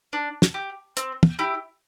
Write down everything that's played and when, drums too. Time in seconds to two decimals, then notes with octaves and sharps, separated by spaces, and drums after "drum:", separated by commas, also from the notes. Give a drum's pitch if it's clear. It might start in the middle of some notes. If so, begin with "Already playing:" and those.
0.13 D4
0.42 drum: snare
0.54 G4
0.97 C4, drum: hi-hat
1.23 drum: tom
1.39 E4 G4